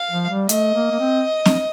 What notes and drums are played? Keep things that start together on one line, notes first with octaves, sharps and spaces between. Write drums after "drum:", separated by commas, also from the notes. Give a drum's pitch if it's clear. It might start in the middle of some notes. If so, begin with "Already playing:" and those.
Already playing: F5
F3
G3
A3 D#5, drum: hi-hat
A#3
A#3
C4
drum: snare C4